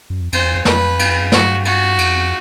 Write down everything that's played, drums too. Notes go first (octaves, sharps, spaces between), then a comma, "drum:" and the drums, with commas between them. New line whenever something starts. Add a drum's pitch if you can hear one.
F#2
F2
F2 C5, drum: cymbal
E2
F2
F2 B4, drum: snare
F#2, drum: cymbal
F2
F#2
G2 F#4, drum: snare
F#4, drum: cymbal
F2, drum: cymbal